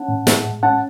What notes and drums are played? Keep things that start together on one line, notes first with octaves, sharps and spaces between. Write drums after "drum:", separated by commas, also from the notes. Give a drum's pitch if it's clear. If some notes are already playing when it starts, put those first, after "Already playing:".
Already playing: C#4 F#5 A5
A2
G#3, drum: snare
A2
C#4 F#5 A5